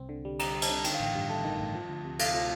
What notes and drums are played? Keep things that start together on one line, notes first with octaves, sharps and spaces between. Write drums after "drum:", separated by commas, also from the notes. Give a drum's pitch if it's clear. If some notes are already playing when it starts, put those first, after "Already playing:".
Already playing: C2 C4
D3
G3
G4 A#5, drum: cymbal
C4
A5, drum: cymbal
D3
D#3 G5, drum: cymbal
F5
A1 G5
G2
A3 A5
D#3
A1
F3
D2
C3
A3 F5, drum: cymbal
F3